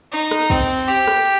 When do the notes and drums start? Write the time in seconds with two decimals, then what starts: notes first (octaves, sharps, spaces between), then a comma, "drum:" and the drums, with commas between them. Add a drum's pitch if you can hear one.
0.12 D#4, drum: hi-hat
0.31 drum: rim click
0.50 C4, drum: kick, open hi-hat
0.69 drum: hi-hat
0.88 G4, drum: hi-hat
1.07 drum: rim click